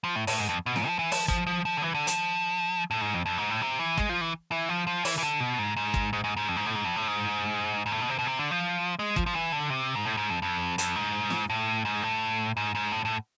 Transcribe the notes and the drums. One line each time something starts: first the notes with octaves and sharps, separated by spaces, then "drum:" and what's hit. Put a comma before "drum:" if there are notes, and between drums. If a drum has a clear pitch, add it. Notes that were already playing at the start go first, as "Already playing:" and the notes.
F3
A2
A2, drum: open hi-hat
G#2
F2
B2
G#2, drum: snare
F3
E3
F3, drum: open hi-hat
F3, drum: kick
F3
F3
D3
E3
D3
F3, drum: hi-hat
A2
G#2
F2
F2
G#2
A2
C3
E3
G#3, drum: kick
F3
E3
E3
F3
F3
E3, drum: open hi-hat
E3
D3
B2
G#2
G#2
drum: kick
G#2
G#2
G#2
F2
G#2
A2
G#2
F2
A2
G#2
G#2
A2
B2
C3
B2
C3
D3
F3
G#3
F3, drum: kick
F3
E3
D3
C3
G#2
A2
G#2
F2
F2
F2, drum: hi-hat
G#2
drum: snare
A2
G#2
A2
G#2
G#2
A2
A2